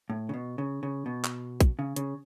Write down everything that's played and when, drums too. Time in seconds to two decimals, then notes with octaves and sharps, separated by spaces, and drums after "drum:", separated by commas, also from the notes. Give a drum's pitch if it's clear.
0.10 A2
0.29 C#3
0.34 B2
0.58 C#3
0.83 C#3
1.06 B2
1.24 drum: clap
1.61 drum: kick, hi-hat
1.79 C#3
1.96 C#3, drum: hi-hat